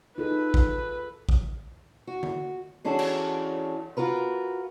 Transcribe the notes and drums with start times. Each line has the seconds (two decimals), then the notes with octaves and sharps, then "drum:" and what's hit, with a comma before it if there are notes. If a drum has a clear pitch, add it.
0.18 D#4 F4 G#4 A4 B4
0.54 drum: kick A1
1.29 drum: kick A1
2.07 F#4
2.23 drum: tom D3
2.84 E3 C#4 D4 F#4 G#4 A4
2.99 drum: cymbal
3.97 F4 F#4 A#4 B4